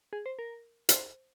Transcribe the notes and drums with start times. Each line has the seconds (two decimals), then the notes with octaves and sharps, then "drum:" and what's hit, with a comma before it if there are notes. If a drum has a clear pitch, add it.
0.13 G#4
0.26 C5
0.39 A#4
0.89 C5, drum: hi-hat